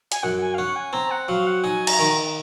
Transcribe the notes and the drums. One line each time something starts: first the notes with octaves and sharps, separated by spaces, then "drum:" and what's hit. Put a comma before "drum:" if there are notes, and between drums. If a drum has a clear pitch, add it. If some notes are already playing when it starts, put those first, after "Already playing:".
G#5, drum: hi-hat
F#2 F#5
G#5
F5
C#4 F#5
G#5
C4 A#5
F#5
F#3 F5
F#5
D#4 G#5
A#5, drum: cymbal
D#3